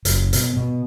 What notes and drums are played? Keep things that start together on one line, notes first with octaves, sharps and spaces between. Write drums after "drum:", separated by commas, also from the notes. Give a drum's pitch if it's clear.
F#1, drum: hi-hat
B2, drum: hi-hat
B2